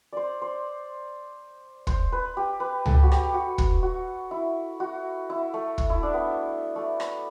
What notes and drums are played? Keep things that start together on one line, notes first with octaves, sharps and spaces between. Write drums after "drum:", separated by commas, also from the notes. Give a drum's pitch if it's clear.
C5 D5
C5
C5, drum: kick
B4
G4
B4
A4, drum: tom C#2
G4
F#4
G4, drum: rim click
F#4
drum: kick
F#4
E4
F#4
E4
A3
drum: kick
E4
D4
B3
A3
drum: rim click